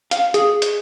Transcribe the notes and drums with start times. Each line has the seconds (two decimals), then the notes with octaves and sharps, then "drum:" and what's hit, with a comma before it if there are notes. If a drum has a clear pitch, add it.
0.11 F5, drum: hi-hat
0.34 G#4, drum: hi-hat
0.62 drum: hi-hat